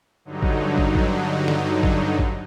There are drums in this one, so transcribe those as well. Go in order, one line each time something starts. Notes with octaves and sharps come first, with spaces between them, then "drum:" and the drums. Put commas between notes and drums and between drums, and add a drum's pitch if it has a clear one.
G2 D3 F#3 D#4
drum: kick
drum: kick
drum: kick
drum: snare
drum: kick
drum: kick